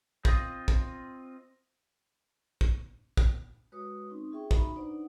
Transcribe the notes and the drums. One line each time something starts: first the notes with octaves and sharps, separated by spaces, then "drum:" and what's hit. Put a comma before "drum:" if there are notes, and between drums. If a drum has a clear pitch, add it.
C4 F4 D#5, drum: kick
drum: kick
drum: kick
drum: kick
G#3 F#4 B4 C#5 D#6
C4 C#4 D#4
C#4 F4 G#4 E5 G5 C#6
D#4 F#4 E5 A#5 B5 C#6, drum: kick
D4 D#4 B4 C5 D5 F#5